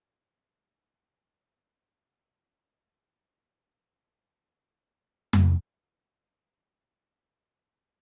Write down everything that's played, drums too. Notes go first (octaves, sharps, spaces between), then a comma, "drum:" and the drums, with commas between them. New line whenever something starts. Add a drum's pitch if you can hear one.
G5
F#3 G3 A#3 E4 F4
drum: tom F2
C4 F5 C6
E2 D3 G4 A5
C#3 F#3 G#3 F#4 A4 C5
D3 G4
F#3 G3 C#4 D4 F4 F#4
D#3 A3 E4